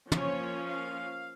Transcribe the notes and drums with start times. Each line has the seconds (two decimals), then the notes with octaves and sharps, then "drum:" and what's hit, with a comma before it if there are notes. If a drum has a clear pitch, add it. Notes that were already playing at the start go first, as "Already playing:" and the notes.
0.12 F3 A#3 C#4 C#5, drum: tom
0.69 F5